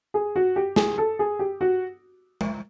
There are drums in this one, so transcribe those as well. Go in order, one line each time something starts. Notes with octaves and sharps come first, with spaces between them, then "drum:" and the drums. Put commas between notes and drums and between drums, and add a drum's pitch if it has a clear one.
G#4
F#4
G4
G#4, drum: snare
A4
G#4
G4
F#4
drum: tom G#3